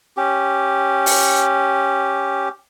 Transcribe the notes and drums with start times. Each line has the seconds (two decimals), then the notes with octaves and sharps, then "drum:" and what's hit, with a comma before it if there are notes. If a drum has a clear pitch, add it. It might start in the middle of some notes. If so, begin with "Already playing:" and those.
0.17 C#4 G4
1.06 drum: open hi-hat